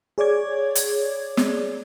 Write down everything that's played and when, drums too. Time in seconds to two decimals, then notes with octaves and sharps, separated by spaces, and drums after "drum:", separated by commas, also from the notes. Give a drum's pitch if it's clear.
0.18 G#4 C#5 D5 D6 G#6
0.75 drum: hi-hat
1.37 drum: snare